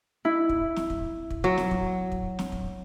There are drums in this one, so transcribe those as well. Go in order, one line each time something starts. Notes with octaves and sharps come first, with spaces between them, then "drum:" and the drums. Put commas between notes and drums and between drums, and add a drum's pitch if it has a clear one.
E4
drum: kick
drum: snare
drum: kick
drum: kick
F#3
drum: snare
drum: kick
drum: kick
drum: snare
drum: kick